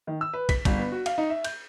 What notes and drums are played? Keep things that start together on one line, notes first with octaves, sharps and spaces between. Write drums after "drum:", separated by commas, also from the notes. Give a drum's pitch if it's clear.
D#3
E6
B4
B6, drum: kick, cymbal
G1, drum: kick, cymbal
B3
F#4
F5, drum: cymbal
D#4
E5
G6, drum: cymbal